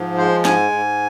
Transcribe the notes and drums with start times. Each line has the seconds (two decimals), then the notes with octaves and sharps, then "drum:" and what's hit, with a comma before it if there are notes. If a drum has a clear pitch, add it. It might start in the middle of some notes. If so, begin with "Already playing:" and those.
Already playing: G#2 F3
0.18 G#3 C5
0.45 G#2 G#5, drum: snare
0.72 G#2